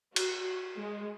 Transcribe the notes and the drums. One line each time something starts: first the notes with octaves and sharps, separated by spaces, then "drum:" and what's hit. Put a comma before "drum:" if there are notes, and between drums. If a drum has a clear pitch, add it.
F#4, drum: cymbal
G#3